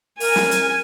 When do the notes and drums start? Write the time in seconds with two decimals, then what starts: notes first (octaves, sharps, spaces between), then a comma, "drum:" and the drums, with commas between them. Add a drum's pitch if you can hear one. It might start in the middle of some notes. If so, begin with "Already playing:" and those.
0.20 A#4 G#5, drum: open hi-hat
0.36 drum: snare
0.51 drum: hi-hat